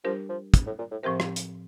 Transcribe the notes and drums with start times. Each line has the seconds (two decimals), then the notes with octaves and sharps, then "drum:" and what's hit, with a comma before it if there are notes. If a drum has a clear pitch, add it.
0.04 F3 G3 D4 G4 A#4
0.29 F3
0.54 drum: kick, hi-hat
0.66 A2
0.79 A#2
0.91 A2
1.03 A2 C3 F3 C4 G4 A#4
1.20 drum: rim click
1.36 drum: hi-hat